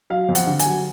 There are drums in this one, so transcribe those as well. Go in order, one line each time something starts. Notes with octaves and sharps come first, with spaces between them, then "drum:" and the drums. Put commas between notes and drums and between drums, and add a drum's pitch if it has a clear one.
F#3 F5
F2
F#5, drum: hi-hat
D3
G#5, drum: hi-hat
F#3